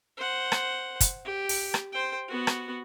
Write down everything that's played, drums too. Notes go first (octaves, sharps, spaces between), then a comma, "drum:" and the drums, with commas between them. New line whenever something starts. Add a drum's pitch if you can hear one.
C5 F#5
drum: rim click
drum: kick, hi-hat
G4
drum: open hi-hat
drum: rim click
C5 G5
B3 F#4
drum: rim click